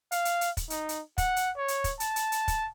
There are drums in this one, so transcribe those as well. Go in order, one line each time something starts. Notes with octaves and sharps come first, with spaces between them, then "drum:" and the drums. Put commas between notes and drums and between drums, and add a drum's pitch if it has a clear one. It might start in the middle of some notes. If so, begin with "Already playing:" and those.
F5, drum: hi-hat
drum: hi-hat
drum: hi-hat
drum: kick, hi-hat
D#4, drum: hi-hat
drum: hi-hat
F#5, drum: kick, hi-hat
drum: hi-hat
C#5
drum: hi-hat
drum: kick, hi-hat
A5, drum: hi-hat
drum: hi-hat
drum: hi-hat
drum: kick, hi-hat